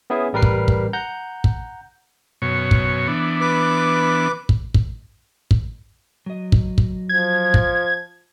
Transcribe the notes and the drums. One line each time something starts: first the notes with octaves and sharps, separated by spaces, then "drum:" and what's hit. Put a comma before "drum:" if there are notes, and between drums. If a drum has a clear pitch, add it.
B3 C#4 E4 G#4
A1 G3 A#4 B4 C7
drum: kick
drum: kick
F#5 A#5 G6
drum: kick
F#2 B2 C#5
drum: kick
E3 B3 D4
B4 D6
drum: kick
drum: kick
drum: kick
F#3 D#5
drum: kick
drum: kick
F3 G#6
drum: kick